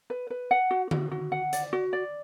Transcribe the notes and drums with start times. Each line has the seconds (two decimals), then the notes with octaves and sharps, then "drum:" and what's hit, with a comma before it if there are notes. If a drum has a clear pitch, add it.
0.10 B4
0.30 B4
0.51 F#5
0.71 F#4
0.91 F#4, drum: tom D3
1.12 F#4
1.32 F#5
1.53 D5, drum: hi-hat
1.73 F#4
1.93 D5